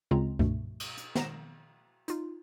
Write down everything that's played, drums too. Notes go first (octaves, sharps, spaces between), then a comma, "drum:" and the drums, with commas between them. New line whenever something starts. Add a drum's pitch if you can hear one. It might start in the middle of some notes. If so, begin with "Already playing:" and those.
D2 C#3 G#3 C4 F4 A#5
G2 B2 A3, drum: kick C2
drum: cymbal
drum: hi-hat
D#3 A#5 A#6 E7, drum: snare
D#4 F4, drum: hi-hat